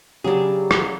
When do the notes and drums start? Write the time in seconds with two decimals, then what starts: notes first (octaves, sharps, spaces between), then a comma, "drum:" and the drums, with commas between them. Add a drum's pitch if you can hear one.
0.24 C#3 F#3 D4 G4 G#4
0.71 drum: rim click